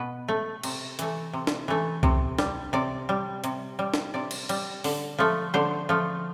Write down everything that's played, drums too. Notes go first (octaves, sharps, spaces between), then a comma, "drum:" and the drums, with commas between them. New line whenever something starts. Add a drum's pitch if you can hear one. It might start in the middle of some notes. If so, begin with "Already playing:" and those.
Already playing: B2 B4
A3
C3, drum: cymbal
E3 A3, drum: hi-hat
C3
drum: snare
E3 A3
C3, drum: kick C2
G3, drum: snare
C3 D5
G3
C3, drum: hi-hat
G3
drum: snare
C3 D5
drum: cymbal
G3, drum: cymbal
D3, drum: open hi-hat
F3 A3
D3 C5
F3 A3